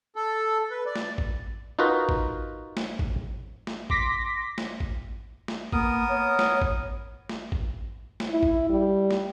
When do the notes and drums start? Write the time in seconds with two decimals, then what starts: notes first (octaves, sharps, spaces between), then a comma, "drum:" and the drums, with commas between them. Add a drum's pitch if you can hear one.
0.16 A4
0.71 B4
0.86 D5
0.96 drum: snare
1.18 drum: kick A1
1.79 D#4 F4 F#4 A#4 B4
2.09 drum: kick A1
2.77 drum: snare
2.99 drum: kick A1
3.67 drum: snare
3.90 C6 D6 A#6 B6, drum: kick A1
4.58 drum: snare
4.80 drum: kick A1
5.48 drum: snare
5.73 A#3 B3 A#4 D#6, drum: kick A1
6.09 C#5
6.39 drum: snare
6.62 drum: kick A1
7.29 drum: snare
7.52 drum: kick A1
8.20 drum: snare
8.30 E4
8.43 drum: kick A1
8.70 G3
9.11 drum: snare